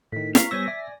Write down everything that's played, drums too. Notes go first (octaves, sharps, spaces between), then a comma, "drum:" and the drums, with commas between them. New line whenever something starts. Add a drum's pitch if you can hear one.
A2 D#3 B6
F5 A#5 C#6 B6, drum: snare
G3 B3 C5 C#5 G#5 E6 A#6
D5 E5